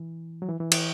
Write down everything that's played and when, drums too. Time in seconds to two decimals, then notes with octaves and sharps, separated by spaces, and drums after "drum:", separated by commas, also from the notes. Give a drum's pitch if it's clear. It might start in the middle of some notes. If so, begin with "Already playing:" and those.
Already playing: E3
0.42 F#3
0.49 E3
0.60 E3
0.72 E3, drum: cymbal